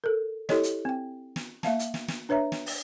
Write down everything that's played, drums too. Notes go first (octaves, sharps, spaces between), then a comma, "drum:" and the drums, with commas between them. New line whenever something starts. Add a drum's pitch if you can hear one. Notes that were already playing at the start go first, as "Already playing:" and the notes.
A4 A#4
E4 G4 A4 C#5 D#5, drum: snare
drum: hi-hat
C4 G5
drum: snare
A#3 E5 F5 A5, drum: snare
drum: hi-hat
drum: snare
drum: snare
D4 B4 C#5 E5 A#5
drum: snare
drum: open hi-hat